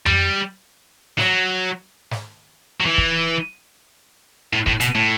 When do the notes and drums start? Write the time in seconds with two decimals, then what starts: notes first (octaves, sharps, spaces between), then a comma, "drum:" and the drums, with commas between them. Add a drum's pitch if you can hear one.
0.06 G3, drum: tom F2
1.18 F#3, drum: snare
2.11 drum: snare
2.81 F#3
2.85 E3
2.98 drum: kick
4.53 A2
4.67 A2, drum: kick
4.80 B2, drum: hi-hat
4.95 A2